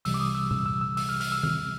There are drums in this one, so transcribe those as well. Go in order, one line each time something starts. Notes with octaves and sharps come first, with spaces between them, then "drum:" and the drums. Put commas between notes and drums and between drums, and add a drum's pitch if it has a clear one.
C2 C3 E3 G3 E6, drum: open hi-hat
D6
D#6
E6
E6, drum: tom A#2
E6
E6
E6, drum: open hi-hat
F6
F6, drum: open hi-hat
E6
F6, drum: tom D#3